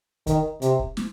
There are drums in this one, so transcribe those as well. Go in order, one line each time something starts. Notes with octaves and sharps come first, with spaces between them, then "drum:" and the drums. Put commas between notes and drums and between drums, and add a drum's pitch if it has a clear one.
D#3, drum: kick, hi-hat
C3, drum: hi-hat
drum: kick
drum: snare